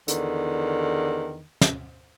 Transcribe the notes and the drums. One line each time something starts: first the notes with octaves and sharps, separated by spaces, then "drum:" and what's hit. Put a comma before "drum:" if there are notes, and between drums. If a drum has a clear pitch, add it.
E2 D3 D#3, drum: hi-hat
drum: snare